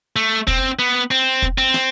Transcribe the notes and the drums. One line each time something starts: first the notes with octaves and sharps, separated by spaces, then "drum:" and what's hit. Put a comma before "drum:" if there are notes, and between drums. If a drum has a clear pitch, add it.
A3
C4, drum: kick
B3
C4
drum: kick
C4
drum: snare